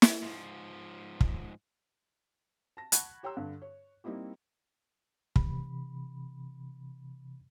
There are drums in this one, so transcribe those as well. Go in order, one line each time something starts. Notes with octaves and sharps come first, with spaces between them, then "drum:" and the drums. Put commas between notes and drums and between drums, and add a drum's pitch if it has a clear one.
drum: snare
G#2 F3
drum: kick
A5 A#6
F#5 A5 B5 C#6 F#6 G#6, drum: hi-hat
G4 C#5 G5 A#5 C6 E6
G2 D3
C#5
G3 A#3 C4 D#4 E4 G4
C3 E3 B5, drum: kick